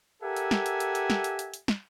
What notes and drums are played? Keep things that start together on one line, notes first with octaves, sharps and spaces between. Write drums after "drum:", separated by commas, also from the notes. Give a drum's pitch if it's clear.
G4 A4 A#4 E5 F#5 G#5
drum: hi-hat
drum: snare
drum: hi-hat
drum: hi-hat
drum: hi-hat
drum: snare
drum: hi-hat
drum: hi-hat
drum: hi-hat
drum: snare